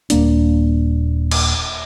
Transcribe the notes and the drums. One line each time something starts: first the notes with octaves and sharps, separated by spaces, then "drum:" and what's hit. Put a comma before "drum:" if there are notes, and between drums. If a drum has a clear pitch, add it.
D#1 A#3 D4, drum: hi-hat
drum: cymbal